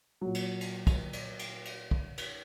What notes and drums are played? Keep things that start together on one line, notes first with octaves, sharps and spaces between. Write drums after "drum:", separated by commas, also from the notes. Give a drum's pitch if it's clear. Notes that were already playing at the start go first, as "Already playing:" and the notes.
A#2 F#3
drum: cymbal
drum: cymbal
drum: kick, cymbal
drum: cymbal
drum: cymbal
drum: cymbal
drum: kick
drum: cymbal